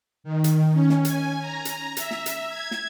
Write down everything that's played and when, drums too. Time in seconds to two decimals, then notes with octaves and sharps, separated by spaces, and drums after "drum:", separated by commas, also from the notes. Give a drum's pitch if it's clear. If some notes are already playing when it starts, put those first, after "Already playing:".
0.24 D#3
0.44 drum: hi-hat
0.73 C#4
0.90 drum: snare
1.05 G#5, drum: hi-hat
1.41 A#5
1.65 drum: hi-hat
1.97 E5, drum: hi-hat
2.11 drum: snare
2.26 drum: hi-hat
2.50 G#6
2.71 drum: snare